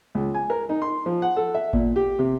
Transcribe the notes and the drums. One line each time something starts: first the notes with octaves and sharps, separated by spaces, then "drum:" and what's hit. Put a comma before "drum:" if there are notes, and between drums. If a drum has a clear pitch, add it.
C#2
G#5
A#4
D#4
C6
F3
F#5
A4
E5
A#2, drum: kick G#1
G4
C3